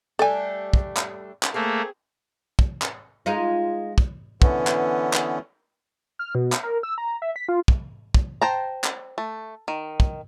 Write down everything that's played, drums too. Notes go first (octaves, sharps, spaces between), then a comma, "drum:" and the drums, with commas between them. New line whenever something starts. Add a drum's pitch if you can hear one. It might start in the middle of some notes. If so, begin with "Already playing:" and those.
G3 A3 D4 A4 G#5
drum: kick
drum: clap
drum: clap
A3 A#3 C4 G#4
drum: kick
drum: clap
G#3 D#4 F4
drum: kick
D3 E3 B3 C#4, drum: kick
drum: clap
drum: clap
F6
B2
drum: clap
A#4
E6
A#5
E5
B6
F4
drum: kick
drum: kick
C5 G5 A5 A#5
drum: clap
A3
D#3
drum: kick